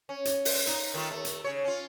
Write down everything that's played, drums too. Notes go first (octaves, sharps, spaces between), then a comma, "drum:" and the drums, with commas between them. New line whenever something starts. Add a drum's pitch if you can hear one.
C#4
drum: hi-hat
drum: open hi-hat
D#4, drum: hi-hat
D#3 A3 F4
D#2 A3
drum: hi-hat
C#3 C#5
C#4 F4